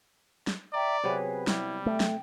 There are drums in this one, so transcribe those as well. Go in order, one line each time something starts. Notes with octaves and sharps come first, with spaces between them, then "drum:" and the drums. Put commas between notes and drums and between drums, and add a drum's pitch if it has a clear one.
drum: snare
D5 E5 G5 A#5
C3 F#3 B3 G#4 B4
G3 E4, drum: snare
A3 G5
drum: snare